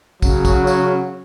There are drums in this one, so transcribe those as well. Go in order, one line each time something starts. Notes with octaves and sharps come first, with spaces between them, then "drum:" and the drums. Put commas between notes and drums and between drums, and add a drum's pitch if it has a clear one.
C#3 F#3, drum: kick, tambourine
drum: kick, tambourine
drum: tambourine